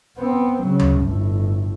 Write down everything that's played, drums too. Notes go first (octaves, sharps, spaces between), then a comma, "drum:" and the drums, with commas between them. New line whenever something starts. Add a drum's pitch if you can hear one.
B3 C4
C#3 F#3
drum: tom D2
G1 A2